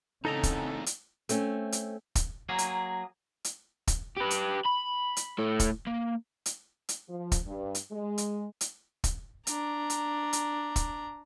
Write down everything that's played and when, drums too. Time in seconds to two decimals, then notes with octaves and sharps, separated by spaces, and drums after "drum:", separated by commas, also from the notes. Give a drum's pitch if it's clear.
0.25 E2 C#3 A3 C4 D#4 A4 D#5 A#5
0.43 drum: kick, hi-hat
0.86 drum: hi-hat
1.29 A3 C4 C#4, drum: hi-hat
1.72 drum: hi-hat
2.15 drum: kick, hi-hat
2.49 F#3 A#3 G#4
2.58 drum: hi-hat
3.44 drum: hi-hat
3.87 drum: kick, hi-hat
4.17 G4 B4
4.30 drum: hi-hat
4.65 B5
5.17 drum: hi-hat
5.39 A2 A4
5.60 drum: kick, hi-hat
5.87 A#3
6.46 drum: hi-hat
6.89 drum: hi-hat
7.09 F3
7.32 drum: kick, hi-hat
7.47 G2
7.75 drum: hi-hat
7.92 G#3
8.18 drum: hi-hat
8.61 drum: hi-hat
9.04 drum: kick, hi-hat
9.47 D4 A#5, drum: hi-hat
9.90 drum: hi-hat
10.33 drum: hi-hat
10.76 drum: kick, hi-hat